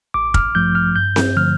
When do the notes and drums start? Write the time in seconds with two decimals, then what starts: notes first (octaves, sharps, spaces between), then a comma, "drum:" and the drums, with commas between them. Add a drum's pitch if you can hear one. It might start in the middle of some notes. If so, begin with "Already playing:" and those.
0.14 A1 D6
0.34 F6, drum: kick
0.55 G2 F3 A3 G6
0.75 F6
0.96 G2 G6
1.16 drum: snare C4
1.36 D3 F3 A3 F6